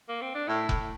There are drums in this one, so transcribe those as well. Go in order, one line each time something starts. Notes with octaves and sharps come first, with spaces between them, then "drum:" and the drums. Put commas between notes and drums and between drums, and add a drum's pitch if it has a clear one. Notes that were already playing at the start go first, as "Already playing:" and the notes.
A#3
C4
D4
A2 E4
A2, drum: kick F1